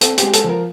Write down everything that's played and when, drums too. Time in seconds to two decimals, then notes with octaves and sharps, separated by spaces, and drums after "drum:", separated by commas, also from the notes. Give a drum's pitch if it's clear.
0.01 C4 A4, drum: hi-hat
0.18 G4, drum: hi-hat
0.23 G#3
0.33 A4, drum: hi-hat
0.44 F3 A#4